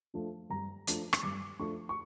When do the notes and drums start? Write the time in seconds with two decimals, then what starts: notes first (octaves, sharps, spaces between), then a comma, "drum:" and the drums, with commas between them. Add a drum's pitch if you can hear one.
0.14 F3 A3 D4
0.50 G2 A#5
0.87 F3 A3 D4, drum: hi-hat
1.13 C#6, drum: rim click
1.23 G2 D6
1.59 F3 A3 D4 C#6
1.89 C#6